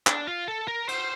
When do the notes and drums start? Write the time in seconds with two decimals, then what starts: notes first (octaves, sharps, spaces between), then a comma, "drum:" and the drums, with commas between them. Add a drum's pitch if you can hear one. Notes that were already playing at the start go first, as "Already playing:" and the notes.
0.07 D4, drum: clap
0.28 F4
0.48 A4
0.68 A#4
0.88 C5, drum: cymbal